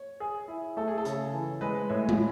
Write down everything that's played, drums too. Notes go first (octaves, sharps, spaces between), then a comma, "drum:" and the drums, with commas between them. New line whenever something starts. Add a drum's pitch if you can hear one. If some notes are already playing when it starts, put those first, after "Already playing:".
Already playing: C#5
G#4
E4
A3 A4
G#4
A4
C#3, drum: hi-hat
E3
G#3 B4 D#5
A2 C#5 E5
drum: tom G#3